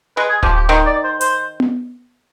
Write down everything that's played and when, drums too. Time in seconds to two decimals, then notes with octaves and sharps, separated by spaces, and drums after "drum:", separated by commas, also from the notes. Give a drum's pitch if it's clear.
0.17 G#3 B4
0.29 G#4
0.43 F3 G4, drum: kick D1
0.55 G4
0.69 D#3 C5
0.86 D5
1.04 C5
1.21 C5, drum: hi-hat
1.60 drum: tom B3